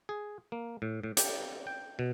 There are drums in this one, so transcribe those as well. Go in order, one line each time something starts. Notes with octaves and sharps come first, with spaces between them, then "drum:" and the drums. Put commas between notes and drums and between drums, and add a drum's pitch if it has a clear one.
G#4
A#3
A2
A2
G4, drum: hi-hat
G5
B2